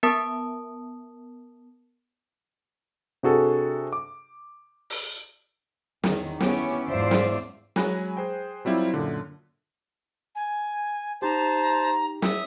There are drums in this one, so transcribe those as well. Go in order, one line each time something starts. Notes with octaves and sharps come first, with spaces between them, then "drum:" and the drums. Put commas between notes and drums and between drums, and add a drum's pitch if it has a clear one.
B3 A#4 A5 D#6
C3 D4 F#4 G#4 A4
D6
drum: open hi-hat
E2 D#3, drum: snare
B3 C#4 E4 G4, drum: snare
E2 G#2 F4 C5 D5 E5
drum: snare
F#3 G#3 G#5 B5 F#6 A#6, drum: snare
G#4 C5 G5
F#3 G3 C4 E4 F4 G4
F#2 A#2 D3
G#5
D#4 G4 C5 A5 A#5
E5 D#6, drum: snare